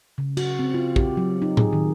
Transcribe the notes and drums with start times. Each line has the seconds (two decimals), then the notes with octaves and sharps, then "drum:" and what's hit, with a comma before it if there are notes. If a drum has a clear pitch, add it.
0.18 C#3
0.37 F#4, drum: cymbal
0.59 C4
0.74 F4
0.96 G4, drum: kick
1.17 F#3
1.42 D#4
1.57 G#4, drum: tom A2
1.73 D#3